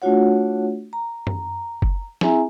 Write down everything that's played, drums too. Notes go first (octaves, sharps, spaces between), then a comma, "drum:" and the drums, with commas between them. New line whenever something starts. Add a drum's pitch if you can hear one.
A3 D4 F4 F#4 C#5 F#5
A#5
drum: tom F#2
drum: kick F#1
C4 E4 G#4 E5 G#5 A#5, drum: snare